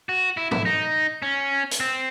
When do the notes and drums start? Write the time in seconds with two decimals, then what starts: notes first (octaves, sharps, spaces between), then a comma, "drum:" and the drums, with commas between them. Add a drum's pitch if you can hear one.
0.09 F#4
0.37 E4
0.51 E4, drum: tom
0.65 D#4
1.22 C#4
1.71 drum: hi-hat
1.80 C4